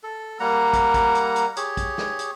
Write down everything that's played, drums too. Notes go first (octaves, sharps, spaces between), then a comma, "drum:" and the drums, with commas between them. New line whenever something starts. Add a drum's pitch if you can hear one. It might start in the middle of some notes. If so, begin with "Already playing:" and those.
A4
G3 A#3 F#5 A#5
drum: kick, hi-hat
drum: kick, hi-hat
drum: hi-hat
drum: hi-hat
G4 G#4 C#5, drum: hi-hat
drum: kick, hi-hat
drum: snare
drum: hi-hat